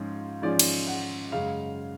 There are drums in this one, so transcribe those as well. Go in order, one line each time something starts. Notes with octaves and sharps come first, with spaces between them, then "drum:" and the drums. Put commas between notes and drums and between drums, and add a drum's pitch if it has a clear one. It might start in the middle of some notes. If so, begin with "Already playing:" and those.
Already playing: G#2 F3 G#3 C#4 F4
G#2 F3 G#3 C#4 F4 D5
drum: cymbal
F#5
F#2 C#3 G#3 F5